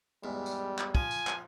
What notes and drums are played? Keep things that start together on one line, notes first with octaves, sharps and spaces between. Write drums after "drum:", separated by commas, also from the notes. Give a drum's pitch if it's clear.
E2 G#2 G3
drum: tambourine
drum: clap
F3 G#5, drum: kick
drum: tambourine
drum: clap